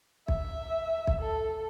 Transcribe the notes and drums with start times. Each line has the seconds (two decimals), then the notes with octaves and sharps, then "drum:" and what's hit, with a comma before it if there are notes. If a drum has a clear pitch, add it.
0.28 E5, drum: kick B1
1.07 drum: kick B1
1.21 A4